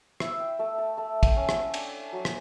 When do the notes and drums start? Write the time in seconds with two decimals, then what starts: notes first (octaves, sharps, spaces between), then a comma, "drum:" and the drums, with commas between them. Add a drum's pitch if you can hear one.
0.20 E4 E5, drum: rim click
0.40 G5
0.59 A3 A5
0.78 A5
0.97 A3 A5
1.23 G5, drum: kick, cymbal
1.36 C#4
1.49 F#5, drum: rim click
1.74 D4 G5, drum: cymbal
2.13 F#3
2.25 drum: rim click